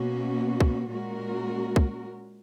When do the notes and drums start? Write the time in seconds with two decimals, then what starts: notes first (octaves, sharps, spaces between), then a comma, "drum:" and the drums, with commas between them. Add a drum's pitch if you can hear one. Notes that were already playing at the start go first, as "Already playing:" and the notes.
Already playing: B2 A#3 C#4 F#4
0.60 drum: kick
0.90 A#2 G#3 C#4 F#4 A#4
1.76 drum: kick